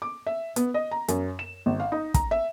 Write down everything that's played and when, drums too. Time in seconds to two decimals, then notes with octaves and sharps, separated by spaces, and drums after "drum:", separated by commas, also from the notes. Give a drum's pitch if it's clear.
0.02 D6
0.27 E5
0.56 B3, drum: hi-hat
0.74 D#5
0.91 A#5
1.08 F#2, drum: hi-hat
1.39 E7
1.66 G#1
1.80 F5
1.92 D#4
2.14 A#5, drum: kick, hi-hat
2.31 E5